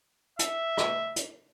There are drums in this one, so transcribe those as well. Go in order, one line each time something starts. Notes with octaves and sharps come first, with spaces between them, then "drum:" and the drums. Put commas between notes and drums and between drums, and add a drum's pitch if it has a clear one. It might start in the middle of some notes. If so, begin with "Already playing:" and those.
E5, drum: hi-hat
drum: rim click
drum: hi-hat